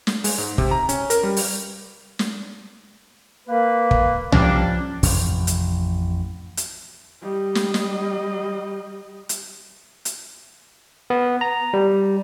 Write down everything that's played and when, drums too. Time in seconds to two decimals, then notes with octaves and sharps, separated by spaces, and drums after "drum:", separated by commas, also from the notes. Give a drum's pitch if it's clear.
0.07 drum: snare
0.24 G#3, drum: open hi-hat
0.38 G#2
0.58 C3, drum: kick
0.71 A#5
0.89 C#4, drum: hi-hat
1.10 A#4, drum: hi-hat
1.23 G3
1.37 drum: open hi-hat
2.19 drum: snare
3.48 A#3 B4
3.91 drum: kick
4.32 F3 G3 A#3 C#4 D4, drum: tom
5.03 A1 F2 C3 C#4, drum: open hi-hat
5.47 drum: hi-hat
6.57 drum: hi-hat
7.22 G3 D#5
7.55 drum: snare
7.74 drum: snare
9.29 drum: hi-hat
10.05 drum: hi-hat
11.10 B3
11.41 A#5
11.73 G3